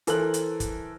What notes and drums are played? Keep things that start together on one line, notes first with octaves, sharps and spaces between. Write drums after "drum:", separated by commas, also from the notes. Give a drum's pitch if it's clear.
E3 A4 A#4 C5 F#6 F#7, drum: hi-hat
drum: hi-hat
drum: kick, hi-hat